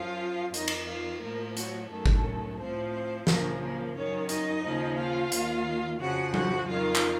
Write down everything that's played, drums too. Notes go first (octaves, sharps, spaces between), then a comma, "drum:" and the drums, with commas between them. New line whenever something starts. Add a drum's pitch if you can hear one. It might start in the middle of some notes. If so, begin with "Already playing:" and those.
Already playing: F#2 F3 F4 F5
F2 D#3 D#4 D#5, drum: hi-hat
drum: cymbal
F4 F5
A2 F3 A#3 A#4
F#3 F#4, drum: hi-hat
F#2 D#3 A3 A4
drum: kick
A2 F3 C4 C5
C4 C5
F#2 C#3 F3 A#3 A#4, drum: snare
A#3 A#4
F#2 D#3 C#4 C#5
D#4 D#5, drum: hi-hat
D#2 C#3 F3
F4 F5
D#2 D#3, drum: hi-hat
F2 C#3 F3 F#4 F#5
F#4 F#5, drum: tom F#3
F2 D#3 F4 F5
drum: clap